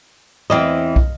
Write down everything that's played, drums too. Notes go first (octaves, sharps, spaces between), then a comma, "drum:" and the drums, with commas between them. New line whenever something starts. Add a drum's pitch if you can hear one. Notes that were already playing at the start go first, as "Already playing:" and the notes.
E2 E3 C4 D#5 F5
drum: kick